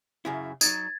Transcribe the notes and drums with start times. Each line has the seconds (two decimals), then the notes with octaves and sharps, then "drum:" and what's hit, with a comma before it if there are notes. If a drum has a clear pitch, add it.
0.25 F#2 C#3 E4
0.61 F#3 D#4 G#6 A6, drum: tambourine